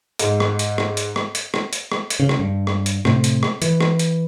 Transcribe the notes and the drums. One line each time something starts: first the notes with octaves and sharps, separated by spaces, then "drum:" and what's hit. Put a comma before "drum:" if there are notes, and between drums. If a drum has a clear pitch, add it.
G#2, drum: hi-hat
drum: rim click
drum: hi-hat
drum: rim click
drum: hi-hat
drum: rim click
drum: hi-hat
drum: rim click
drum: hi-hat
drum: rim click
drum: hi-hat
C#3
drum: rim click
G2
drum: rim click
drum: hi-hat
A2 C3, drum: rim click
drum: hi-hat
drum: rim click
E3, drum: hi-hat
drum: rim click
drum: hi-hat